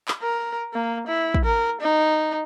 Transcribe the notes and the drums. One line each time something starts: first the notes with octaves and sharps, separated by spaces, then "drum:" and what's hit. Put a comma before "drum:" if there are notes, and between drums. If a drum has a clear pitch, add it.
drum: clap
A#4
A#3
E4
drum: kick
A#4
D#4